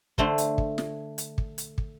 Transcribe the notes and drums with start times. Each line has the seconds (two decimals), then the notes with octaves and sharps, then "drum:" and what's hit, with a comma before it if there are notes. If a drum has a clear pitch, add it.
0.18 D3 A3 C5 C6, drum: kick
0.38 drum: hi-hat
0.58 drum: kick
0.78 drum: snare
1.18 drum: hi-hat
1.38 drum: kick
1.58 drum: hi-hat
1.78 drum: kick